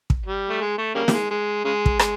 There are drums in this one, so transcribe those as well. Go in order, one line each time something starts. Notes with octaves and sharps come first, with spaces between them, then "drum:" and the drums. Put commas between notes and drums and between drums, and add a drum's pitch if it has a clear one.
drum: kick
G3
A3
G#3
A3
C#3 G3 A#3
G3, drum: snare
G#3
G#3
C#3 G#3
drum: kick
G#3, drum: rim click